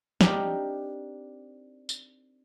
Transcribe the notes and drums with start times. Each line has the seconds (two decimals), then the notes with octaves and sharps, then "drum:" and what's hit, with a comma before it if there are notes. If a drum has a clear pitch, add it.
0.21 C4 D4 D#4 G4 A#4, drum: snare
1.89 drum: tambourine